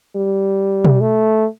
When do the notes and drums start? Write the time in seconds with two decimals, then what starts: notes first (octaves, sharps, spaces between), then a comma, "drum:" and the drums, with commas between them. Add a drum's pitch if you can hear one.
0.16 G3
0.85 drum: tom B2
1.01 A3